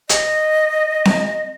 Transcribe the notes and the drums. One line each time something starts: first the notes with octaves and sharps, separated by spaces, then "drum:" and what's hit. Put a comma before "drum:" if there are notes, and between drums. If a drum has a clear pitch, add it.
D#5, drum: hi-hat
drum: snare C4